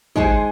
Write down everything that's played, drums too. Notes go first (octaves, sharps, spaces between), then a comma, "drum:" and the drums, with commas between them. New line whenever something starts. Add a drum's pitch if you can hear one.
G#3 D#4 G#4 C5, drum: kick